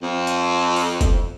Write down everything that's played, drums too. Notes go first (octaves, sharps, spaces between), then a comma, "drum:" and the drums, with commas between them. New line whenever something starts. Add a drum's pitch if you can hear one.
F2
drum: hi-hat
drum: open hi-hat
drum: kick, hi-hat